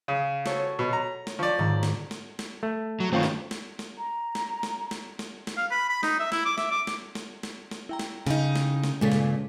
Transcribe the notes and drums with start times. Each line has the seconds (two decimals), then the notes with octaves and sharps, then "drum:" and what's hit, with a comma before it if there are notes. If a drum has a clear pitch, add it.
0.08 C#3
0.46 F#4 A4 C#5, drum: snare
0.79 B2
0.93 A#5
1.27 drum: snare
1.39 F3 D5 C#6
1.58 G#2 D3 D#3
1.83 drum: snare
2.11 drum: snare
2.39 drum: snare
2.63 A3
3.00 F#3
3.13 G2 D#3 A3 C4 F4 C#5
3.23 drum: snare
3.51 drum: snare
3.79 drum: snare
3.98 A#5
4.35 drum: snare
4.63 drum: snare
4.91 drum: snare
5.19 drum: snare
5.47 drum: snare
5.57 F5
5.71 B5
5.89 B5
6.03 D#4, drum: snare
6.20 E5
6.32 E4, drum: snare
6.45 D6
6.58 E5, drum: snare
6.71 D6
6.87 drum: snare
7.15 drum: snare
7.43 drum: snare
7.71 drum: snare
7.89 E4 G5 A#5
7.99 drum: snare
8.27 C#3 D#4, drum: snare
8.56 drum: snare
8.84 drum: snare
9.01 G2 A#2 C#3 G#3 A4 B6
9.12 drum: snare